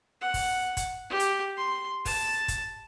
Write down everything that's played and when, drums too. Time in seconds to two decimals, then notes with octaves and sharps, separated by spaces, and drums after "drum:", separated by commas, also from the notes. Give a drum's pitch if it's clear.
0.21 F#5
0.34 drum: kick, open hi-hat
0.77 drum: kick, hi-hat
1.10 G4
1.20 drum: hi-hat
1.57 C6
2.05 A5, drum: kick, open hi-hat
2.48 drum: kick, hi-hat